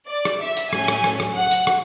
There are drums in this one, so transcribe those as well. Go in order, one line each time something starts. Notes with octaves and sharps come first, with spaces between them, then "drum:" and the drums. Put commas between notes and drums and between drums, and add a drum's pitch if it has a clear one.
D5
drum: rim click
E5
drum: hi-hat
A2 F#3 A3 C#4 G#5, drum: rim click
drum: rim click
drum: rim click
drum: rim click
F#5
drum: hi-hat
drum: rim click